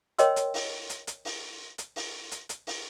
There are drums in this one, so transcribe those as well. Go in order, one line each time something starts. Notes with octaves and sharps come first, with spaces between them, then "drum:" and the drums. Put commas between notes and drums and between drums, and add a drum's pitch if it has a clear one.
A#4 C#5 D#5 G5 C6 E6, drum: hi-hat
drum: hi-hat
drum: open hi-hat
drum: hi-hat
drum: hi-hat
drum: open hi-hat
drum: hi-hat
drum: open hi-hat
drum: hi-hat
drum: hi-hat
drum: open hi-hat